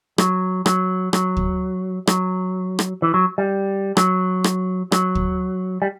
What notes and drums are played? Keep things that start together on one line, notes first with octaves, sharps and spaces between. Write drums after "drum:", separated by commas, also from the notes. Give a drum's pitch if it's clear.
F#3, drum: rim click
F#3, drum: rim click
F#3, drum: rim click
drum: kick
F#3, drum: rim click
drum: rim click
E3
F#3
G3
F#3, drum: rim click
drum: rim click
F#3, drum: rim click
drum: kick
G3